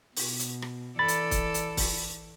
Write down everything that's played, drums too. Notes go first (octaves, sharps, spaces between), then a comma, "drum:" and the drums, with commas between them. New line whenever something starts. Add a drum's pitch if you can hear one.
B2, drum: open hi-hat
drum: hi-hat
drum: rim click
E3 A4 D5 B5 A6
drum: hi-hat
drum: kick, hi-hat
drum: hi-hat
drum: kick, open hi-hat